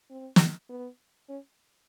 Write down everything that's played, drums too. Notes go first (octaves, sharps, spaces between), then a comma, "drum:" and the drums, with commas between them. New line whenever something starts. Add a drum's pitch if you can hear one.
C4
drum: snare
B3
C#4